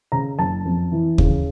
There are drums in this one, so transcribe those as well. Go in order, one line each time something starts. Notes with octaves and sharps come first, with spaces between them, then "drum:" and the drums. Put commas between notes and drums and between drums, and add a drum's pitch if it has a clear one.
C#3 A#5
F#1 A5
F2
E3
C#3, drum: kick